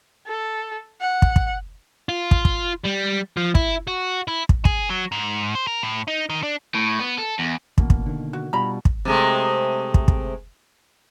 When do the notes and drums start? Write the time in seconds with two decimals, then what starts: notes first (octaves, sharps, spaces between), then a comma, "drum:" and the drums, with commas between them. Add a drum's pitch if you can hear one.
0.27 A4
1.01 F#5
1.22 drum: kick
1.36 drum: kick
2.09 F4
2.31 drum: kick
2.45 drum: kick
2.85 G3
3.37 F3
3.55 E4, drum: kick
3.87 F#4
4.28 E4
4.49 drum: kick
4.65 G#4, drum: kick
4.90 F#3
5.12 G#2
5.55 C5
5.67 A#4
5.83 A2
6.08 D#4
6.30 D#3
6.43 D4
6.74 A2
7.00 B3
7.18 A4
7.39 E2
7.78 A1 B2 A#3, drum: kick
7.90 drum: kick
8.06 D3 D#3
8.33 F#4
8.53 B2 G3 D4 F4 A#5 B5
8.85 drum: kick
9.05 C3 G#3 A3
9.94 drum: kick
10.08 drum: kick